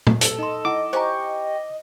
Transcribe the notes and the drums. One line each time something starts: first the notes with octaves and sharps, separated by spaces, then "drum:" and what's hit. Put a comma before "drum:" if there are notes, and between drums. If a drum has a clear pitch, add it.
drum: tom
A4, drum: hi-hat
D#4 D#5 C6
E4 F#5 D6 D#6
G4 C5 G#5 A#5 C#6